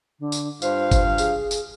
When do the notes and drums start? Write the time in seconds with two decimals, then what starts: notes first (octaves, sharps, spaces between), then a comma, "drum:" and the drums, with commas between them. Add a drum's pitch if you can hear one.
0.19 D3
0.32 drum: tambourine
0.62 G2 F4 C5 F5, drum: tambourine
0.91 drum: kick G1, tambourine
1.18 G#4, drum: tambourine
1.51 drum: tambourine